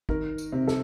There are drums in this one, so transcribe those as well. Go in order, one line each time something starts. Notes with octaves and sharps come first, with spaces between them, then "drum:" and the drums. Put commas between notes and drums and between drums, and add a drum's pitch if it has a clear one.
D#3 A#4, drum: kick G#1
drum: tambourine
C3
A4, drum: snare